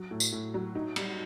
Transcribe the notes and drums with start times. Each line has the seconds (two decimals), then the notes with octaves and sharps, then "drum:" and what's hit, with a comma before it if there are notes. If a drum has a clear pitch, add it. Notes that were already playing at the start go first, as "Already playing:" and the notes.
Already playing: F#3
0.11 A2
0.20 drum: tambourine
0.32 A2
0.54 F#3
0.75 D#4
0.96 G3, drum: cymbal